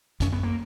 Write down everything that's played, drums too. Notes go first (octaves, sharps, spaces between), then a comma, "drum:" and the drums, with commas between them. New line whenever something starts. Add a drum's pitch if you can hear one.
F#2 C#4, drum: kick, hi-hat
B3
A#3